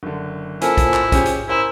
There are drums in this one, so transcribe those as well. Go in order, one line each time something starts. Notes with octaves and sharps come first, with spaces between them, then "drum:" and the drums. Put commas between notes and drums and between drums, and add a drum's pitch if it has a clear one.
F#1 D3
A#3 C#4 E4 F4 A4 C5 G#5, drum: hi-hat
drum: kick, hi-hat
drum: clap
C#4 G4 G#4, drum: kick, hi-hat
drum: hi-hat
E4 A#4 C5 G#5